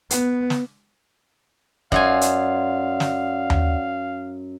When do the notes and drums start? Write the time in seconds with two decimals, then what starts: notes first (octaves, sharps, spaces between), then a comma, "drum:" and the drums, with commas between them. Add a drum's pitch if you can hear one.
0.10 B3, drum: hi-hat
0.50 drum: snare
1.92 F#2 F4 D5 F5 F#5 G#5, drum: kick
2.21 drum: hi-hat
3.00 drum: snare
3.50 drum: tom D#2